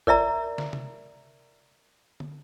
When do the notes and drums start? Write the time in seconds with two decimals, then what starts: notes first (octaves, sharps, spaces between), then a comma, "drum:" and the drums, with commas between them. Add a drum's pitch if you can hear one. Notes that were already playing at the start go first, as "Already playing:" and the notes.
0.07 A#4 D5 E5 A#5, drum: kick G1
0.58 drum: snare
0.73 drum: tom C3
2.20 drum: tom